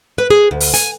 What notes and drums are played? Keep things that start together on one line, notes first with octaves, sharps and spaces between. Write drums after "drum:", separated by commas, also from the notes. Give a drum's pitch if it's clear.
B4
G#4
D2
drum: open hi-hat
G#5, drum: hi-hat